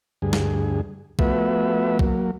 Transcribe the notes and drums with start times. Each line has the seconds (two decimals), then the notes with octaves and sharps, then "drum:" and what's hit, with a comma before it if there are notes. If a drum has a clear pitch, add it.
0.22 D2 G2 G#4
0.33 drum: snare
1.19 F3 A3 B3 F#4 B4 E5, drum: kick B1
1.99 F#3 A#3, drum: kick B1